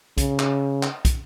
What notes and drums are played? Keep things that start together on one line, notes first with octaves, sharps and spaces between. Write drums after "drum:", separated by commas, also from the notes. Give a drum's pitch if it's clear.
C#3, drum: kick, hi-hat
drum: clap
drum: clap
drum: kick, hi-hat